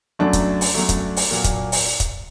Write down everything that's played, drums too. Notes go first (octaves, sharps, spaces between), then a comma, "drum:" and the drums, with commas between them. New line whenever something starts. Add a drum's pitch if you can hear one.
F#2 F#3 A3 D4
drum: kick, hi-hat
drum: open hi-hat
F#2 F#3 A3
drum: kick, hi-hat
drum: open hi-hat
A#2 F#3 A#3
drum: kick, hi-hat
drum: open hi-hat
drum: kick, hi-hat